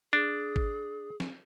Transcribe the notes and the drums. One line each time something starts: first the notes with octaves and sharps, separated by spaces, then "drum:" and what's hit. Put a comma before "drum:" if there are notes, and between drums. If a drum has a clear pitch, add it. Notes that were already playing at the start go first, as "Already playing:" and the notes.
D4 G#4
drum: kick G#1
drum: snare